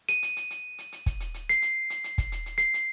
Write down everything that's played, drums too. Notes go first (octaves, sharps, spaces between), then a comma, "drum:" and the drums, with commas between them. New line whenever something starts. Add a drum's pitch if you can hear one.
D#7, drum: hi-hat
drum: hi-hat
drum: hi-hat
drum: hi-hat
drum: hi-hat
drum: hi-hat
drum: kick, hi-hat
drum: hi-hat
drum: hi-hat
C7, drum: hi-hat
drum: hi-hat
drum: hi-hat
drum: hi-hat
drum: kick, hi-hat
drum: hi-hat
drum: hi-hat
C7, drum: hi-hat
drum: hi-hat